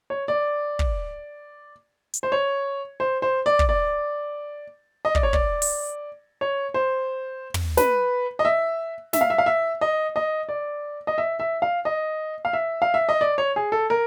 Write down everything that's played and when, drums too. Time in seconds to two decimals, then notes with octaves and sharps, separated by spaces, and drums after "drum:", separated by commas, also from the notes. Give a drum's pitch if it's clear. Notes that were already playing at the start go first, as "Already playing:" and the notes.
0.10 C#5
0.28 D5
0.79 drum: kick
2.13 drum: hi-hat
2.23 C5
2.32 C#5
3.00 C5
3.22 C5
3.46 D5
3.59 drum: kick
3.69 D5
5.05 D#5
5.15 D5, drum: kick
5.23 C#5
5.33 D5, drum: kick
5.62 drum: open hi-hat
6.41 C#5
6.74 C5
7.54 drum: tom
7.77 B4, drum: snare
8.39 D#5
8.45 E5
9.13 E5, drum: snare
9.21 F5
9.30 E5
9.38 F5
9.46 E5
9.81 D#5
10.16 D#5
10.49 D5
11.07 D#5
11.18 E5
11.40 E5
11.62 F5
11.85 D#5
12.45 F5
12.53 E5
12.82 F5
12.94 E5
13.09 D#5
13.21 D5
13.38 C#5
13.56 G#4
13.72 A4
13.90 A#4